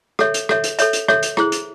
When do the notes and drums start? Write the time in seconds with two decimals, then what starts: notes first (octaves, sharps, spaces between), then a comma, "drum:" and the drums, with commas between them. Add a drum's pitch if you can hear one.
0.19 A4 C#5 E5, drum: rim click
0.34 drum: hi-hat
0.49 A4 C#5 E5, drum: rim click
0.64 drum: hi-hat
0.79 A4 C#5 E5, drum: hi-hat
0.93 drum: hi-hat
1.08 A4 C#5 E5, drum: rim click
1.23 drum: hi-hat
1.37 E4 G#4 C5, drum: rim click
1.52 drum: hi-hat